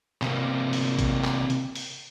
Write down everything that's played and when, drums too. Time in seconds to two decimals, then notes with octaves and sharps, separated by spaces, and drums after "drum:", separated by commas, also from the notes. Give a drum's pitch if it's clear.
0.22 C3 A#3, drum: clap
0.73 drum: open hi-hat
0.99 drum: kick, hi-hat
1.24 drum: clap
1.50 drum: hi-hat
1.75 drum: open hi-hat